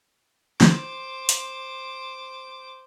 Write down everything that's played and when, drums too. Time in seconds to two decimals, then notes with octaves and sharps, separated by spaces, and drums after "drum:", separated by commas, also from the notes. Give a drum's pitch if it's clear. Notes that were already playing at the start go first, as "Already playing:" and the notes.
0.61 C5 D6, drum: snare
1.29 drum: hi-hat